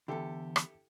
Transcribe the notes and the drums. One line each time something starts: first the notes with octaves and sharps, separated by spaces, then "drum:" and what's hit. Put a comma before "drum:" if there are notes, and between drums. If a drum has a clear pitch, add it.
E2 D3 E4 G4 A4
drum: rim click